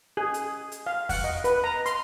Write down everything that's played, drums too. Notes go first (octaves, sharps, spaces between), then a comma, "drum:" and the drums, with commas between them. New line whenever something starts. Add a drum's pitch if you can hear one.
G#4
drum: hi-hat
drum: hi-hat
F5
F#5, drum: kick E2, open hi-hat
D#5
B4, drum: hi-hat
A#5
C6, drum: hi-hat